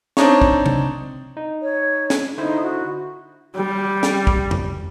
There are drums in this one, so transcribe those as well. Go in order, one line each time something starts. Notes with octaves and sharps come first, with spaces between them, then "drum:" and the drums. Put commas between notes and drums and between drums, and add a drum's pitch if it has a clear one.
C4 D4 D#4 C#5, drum: snare
drum: kick
drum: tom C3
D#4
C#5
drum: snare
D3 D#4 E4 C5
F#4
G3
drum: snare
drum: kick
drum: tom E2